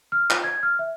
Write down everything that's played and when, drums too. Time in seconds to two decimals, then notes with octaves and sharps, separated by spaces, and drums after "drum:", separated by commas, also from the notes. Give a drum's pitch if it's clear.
0.12 F6
0.30 F4, drum: clap
0.44 G#6
0.63 F6
0.79 E5